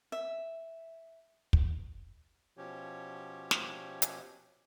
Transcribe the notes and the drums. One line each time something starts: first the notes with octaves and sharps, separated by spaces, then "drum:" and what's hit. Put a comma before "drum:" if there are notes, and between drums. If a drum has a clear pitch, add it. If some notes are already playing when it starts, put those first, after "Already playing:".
E5
drum: kick
B2 F3 C#4 G4 C#5
drum: snare
drum: hi-hat